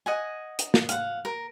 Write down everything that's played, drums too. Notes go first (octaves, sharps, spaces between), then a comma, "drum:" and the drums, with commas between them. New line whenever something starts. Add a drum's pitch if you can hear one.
D#5 F#5 G#5
drum: hi-hat
drum: snare
F5 F#5, drum: hi-hat
A#4